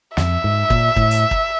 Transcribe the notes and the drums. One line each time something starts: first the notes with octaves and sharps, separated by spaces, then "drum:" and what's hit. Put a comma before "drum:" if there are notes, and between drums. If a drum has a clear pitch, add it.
F2 E5, drum: snare
G#2
A#2, drum: kick
A2, drum: kick
drum: hi-hat
drum: kick